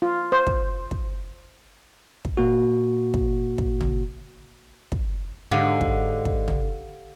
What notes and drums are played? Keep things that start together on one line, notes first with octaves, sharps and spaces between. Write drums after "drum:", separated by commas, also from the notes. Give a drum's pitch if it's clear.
F4
C5
drum: kick
drum: kick
drum: kick
A#2 A#3 F#4
drum: kick
drum: kick
drum: tom
drum: kick
G#2 D3 G4 F5 F#5
drum: kick
drum: kick
drum: tom